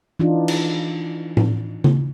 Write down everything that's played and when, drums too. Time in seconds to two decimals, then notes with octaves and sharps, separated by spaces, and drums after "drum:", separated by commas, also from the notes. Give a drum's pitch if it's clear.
0.20 E3 D4 D#4 F4
0.48 drum: cymbal
1.37 drum: tom A2
1.84 drum: tom C#3